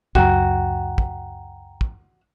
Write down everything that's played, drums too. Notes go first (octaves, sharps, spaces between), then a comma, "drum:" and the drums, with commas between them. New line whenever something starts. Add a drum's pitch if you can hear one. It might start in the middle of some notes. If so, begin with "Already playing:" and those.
C#2 F#2 F#4 G5 A#5, drum: kick
drum: kick
drum: kick